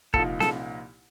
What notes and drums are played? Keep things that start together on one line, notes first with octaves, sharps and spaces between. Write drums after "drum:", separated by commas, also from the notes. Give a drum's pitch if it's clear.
C2 A#2 F3 A#3 D#4 A4, drum: kick
A4, drum: snare